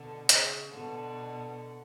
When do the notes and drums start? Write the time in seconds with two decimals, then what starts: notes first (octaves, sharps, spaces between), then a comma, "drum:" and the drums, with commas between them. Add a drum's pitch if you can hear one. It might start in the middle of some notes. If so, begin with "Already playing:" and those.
Already playing: B2 D3
0.29 C#3, drum: hi-hat
0.74 B2 D3